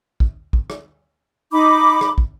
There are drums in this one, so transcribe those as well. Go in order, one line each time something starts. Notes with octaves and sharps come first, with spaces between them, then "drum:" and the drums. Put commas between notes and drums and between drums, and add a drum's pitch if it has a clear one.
drum: kick
drum: kick
drum: rim click
D#4 B5 D6
drum: rim click
drum: kick